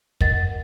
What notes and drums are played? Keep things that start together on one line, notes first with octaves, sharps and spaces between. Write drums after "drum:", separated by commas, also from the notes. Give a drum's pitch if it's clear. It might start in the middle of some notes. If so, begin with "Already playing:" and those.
A#4 D#5 F#5 A6, drum: kick